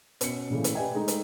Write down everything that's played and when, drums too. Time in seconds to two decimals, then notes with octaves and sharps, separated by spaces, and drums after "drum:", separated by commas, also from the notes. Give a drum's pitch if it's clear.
0.21 B2 C#4 C#7, drum: hi-hat
0.50 A#2 C#3 E3 A3
0.64 drum: hi-hat
0.75 G4 B4 D5 E5 G5 G#5
0.94 G#3 A3 D#4
1.08 drum: hi-hat